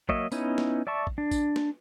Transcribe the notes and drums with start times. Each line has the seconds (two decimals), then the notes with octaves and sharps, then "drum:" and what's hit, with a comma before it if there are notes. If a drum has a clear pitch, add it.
0.09 F#3 A#3 C#5 D#5 E5, drum: kick A#1
0.32 B3 C#4 D#4 E4, drum: tambourine
0.58 drum: snare
0.87 D5 E5 A5 C#6
1.07 drum: kick A#1
1.18 D4
1.31 drum: kick A#1, tambourine
1.56 drum: snare